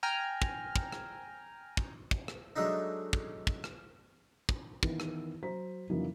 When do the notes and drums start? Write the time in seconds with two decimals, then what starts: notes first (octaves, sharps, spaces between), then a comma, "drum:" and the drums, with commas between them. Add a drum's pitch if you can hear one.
0.03 G5 G#5 A#5 F6
0.42 drum: kick
0.76 drum: kick
0.92 drum: rim click
1.77 drum: kick
2.11 drum: kick
2.28 drum: rim click
2.56 F#3 G#3 A3 D4 D#4
3.13 drum: kick
3.47 drum: kick
3.64 drum: rim click
4.49 drum: kick
4.83 D#3 E3 B3, drum: kick
5.00 drum: rim click
5.43 F#3 C5 A#5 B6
5.89 F2 C#3 E3 F#3 A#3 D#4